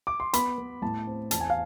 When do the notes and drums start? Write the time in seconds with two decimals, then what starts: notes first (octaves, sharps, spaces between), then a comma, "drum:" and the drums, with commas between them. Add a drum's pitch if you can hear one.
0.07 D6
0.20 C6
0.33 B3 B5, drum: hi-hat
0.58 B3
0.82 A2 A5
1.07 C4
1.31 E2 A5, drum: hi-hat
1.40 G#5
1.50 F5